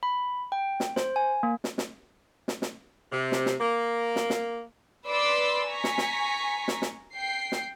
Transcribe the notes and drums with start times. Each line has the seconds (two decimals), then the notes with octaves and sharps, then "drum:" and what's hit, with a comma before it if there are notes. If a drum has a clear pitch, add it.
0.03 B5
0.52 G5
0.80 drum: snare
0.96 C5, drum: snare
1.16 G#5
1.43 A#3
1.64 drum: snare
1.78 drum: snare
2.48 drum: snare
2.62 drum: snare
3.12 C3
3.32 drum: snare
3.46 drum: snare
3.61 A#3
4.16 drum: snare
4.30 drum: snare
5.07 B4 D5 B5 C6 D6 E6
5.67 G#5 A#5 C#6 B6
5.84 drum: snare
5.98 drum: snare
6.68 drum: snare
6.82 drum: snare
7.14 G5 C7
7.52 drum: snare